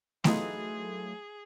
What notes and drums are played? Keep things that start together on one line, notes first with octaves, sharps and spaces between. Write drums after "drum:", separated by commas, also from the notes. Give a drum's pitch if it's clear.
E3 F#3 A3 D#4 F4 G#4, drum: snare A3